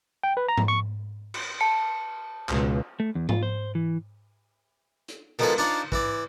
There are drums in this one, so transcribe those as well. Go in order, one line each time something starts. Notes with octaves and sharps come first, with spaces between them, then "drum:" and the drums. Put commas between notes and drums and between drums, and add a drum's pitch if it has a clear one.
G5
B4
A#5
drum: tom G#2
C#6
drum: cymbal
A5 C#7
C#2 B2, drum: clap
A3
E2
F4, drum: tom G#2
C5
E3
drum: hi-hat
B2 D#3 F3 G#3 G#4 A4, drum: cymbal
D4 D#4 F4 C5 D5
E3 E4 D5, drum: kick